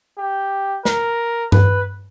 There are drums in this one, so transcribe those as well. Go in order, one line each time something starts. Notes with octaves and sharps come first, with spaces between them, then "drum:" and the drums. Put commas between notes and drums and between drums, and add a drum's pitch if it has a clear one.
G4
A#4, drum: snare
B4, drum: tom G2